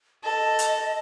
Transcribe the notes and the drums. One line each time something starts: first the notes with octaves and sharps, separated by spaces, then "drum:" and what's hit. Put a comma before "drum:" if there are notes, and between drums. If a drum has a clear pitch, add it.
A4 D#5
drum: hi-hat